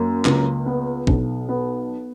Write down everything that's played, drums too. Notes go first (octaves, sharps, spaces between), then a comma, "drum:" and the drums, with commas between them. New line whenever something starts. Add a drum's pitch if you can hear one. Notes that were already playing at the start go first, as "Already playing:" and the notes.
Already playing: F#2 A#3
C#2, drum: clap
B3
B1, drum: kick
B3